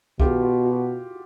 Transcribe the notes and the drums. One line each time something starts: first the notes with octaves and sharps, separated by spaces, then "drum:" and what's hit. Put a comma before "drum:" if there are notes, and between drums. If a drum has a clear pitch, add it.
B2 F4 G4, drum: kick C2
F4
F#4